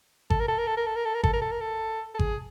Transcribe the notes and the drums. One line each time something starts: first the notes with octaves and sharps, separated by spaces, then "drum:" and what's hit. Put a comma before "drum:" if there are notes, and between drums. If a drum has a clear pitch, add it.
A4, drum: kick G#1
A#4
A4
A#4
A4
A#4
A4
A#4
A4
A#4
A4, drum: kick G#1
A#4
A4
A#4
A4
A4
G#4, drum: kick G#1